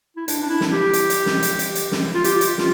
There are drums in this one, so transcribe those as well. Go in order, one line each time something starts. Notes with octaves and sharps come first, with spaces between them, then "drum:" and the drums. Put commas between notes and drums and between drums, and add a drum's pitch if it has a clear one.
E4
D4, drum: hi-hat
D4
E4
drum: snare
G4
drum: hi-hat
drum: hi-hat
drum: snare
drum: hi-hat
drum: hi-hat
drum: hi-hat
drum: snare
F4
G4, drum: hi-hat
drum: hi-hat
F4, drum: snare